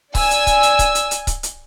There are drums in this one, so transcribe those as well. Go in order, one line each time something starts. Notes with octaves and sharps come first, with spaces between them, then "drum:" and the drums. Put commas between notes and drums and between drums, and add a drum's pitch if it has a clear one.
D5 G#5 E6, drum: kick C#1, open hi-hat
drum: hi-hat
drum: kick C#1, hi-hat
drum: hi-hat
drum: kick C#1, hi-hat
drum: hi-hat
drum: hi-hat
drum: kick C#1, hi-hat
drum: hi-hat